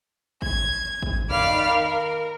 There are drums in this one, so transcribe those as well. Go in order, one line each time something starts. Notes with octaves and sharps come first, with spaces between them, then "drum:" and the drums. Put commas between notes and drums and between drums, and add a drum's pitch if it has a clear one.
G#6, drum: kick G#1
drum: kick G#1
D#3 D5 F5 B5 F6, drum: tom E2
A#4